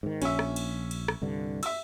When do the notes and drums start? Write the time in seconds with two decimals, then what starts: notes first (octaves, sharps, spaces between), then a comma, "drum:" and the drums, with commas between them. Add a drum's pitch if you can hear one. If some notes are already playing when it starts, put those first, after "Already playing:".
0.03 G#2 D#3
0.22 A#1 C#4 E5, drum: cymbal
0.39 drum: rim click
0.56 drum: cymbal
0.91 drum: cymbal
1.08 drum: rim click
1.22 C2 G2 D3
1.63 E5 E6, drum: cymbal